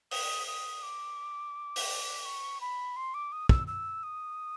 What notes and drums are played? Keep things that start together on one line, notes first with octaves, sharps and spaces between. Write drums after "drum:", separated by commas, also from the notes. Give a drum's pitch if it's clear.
D#6, drum: open hi-hat
D#6
D6
drum: open hi-hat
C#6
B5
C6
D6
D#6
E6, drum: kick
E6
D#6